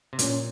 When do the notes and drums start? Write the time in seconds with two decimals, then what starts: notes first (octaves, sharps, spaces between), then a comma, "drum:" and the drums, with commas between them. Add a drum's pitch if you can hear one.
0.13 C3
0.19 A#2 C#4, drum: hi-hat